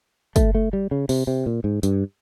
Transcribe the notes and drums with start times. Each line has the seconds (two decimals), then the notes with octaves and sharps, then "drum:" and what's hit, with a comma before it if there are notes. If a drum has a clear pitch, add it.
0.36 A3, drum: kick, hi-hat
0.55 A3
0.73 G3
0.91 C#3
1.09 C3, drum: open hi-hat
1.27 C3
1.46 A#2
1.64 G#2
1.83 G2, drum: hi-hat